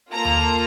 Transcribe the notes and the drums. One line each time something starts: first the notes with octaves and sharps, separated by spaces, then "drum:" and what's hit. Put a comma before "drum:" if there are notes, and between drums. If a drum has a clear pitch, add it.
A#3 F4 A4 A#5
drum: tom D#2